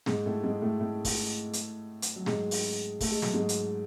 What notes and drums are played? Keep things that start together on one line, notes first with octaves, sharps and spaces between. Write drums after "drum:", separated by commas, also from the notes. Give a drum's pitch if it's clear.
G#2 G#3, drum: snare
A2 A3
G#2 G#3
A2 A3
A2 A3
drum: kick, open hi-hat
drum: hi-hat
drum: hi-hat
F#3
G#2 G#3, drum: snare
drum: open hi-hat
A3, drum: kick, open hi-hat
G#3
F#3, drum: snare
G#2 G#3
drum: hi-hat